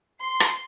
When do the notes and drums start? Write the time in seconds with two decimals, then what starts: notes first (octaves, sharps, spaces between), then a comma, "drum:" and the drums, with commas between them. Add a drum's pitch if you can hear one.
0.21 C6
0.40 drum: rim click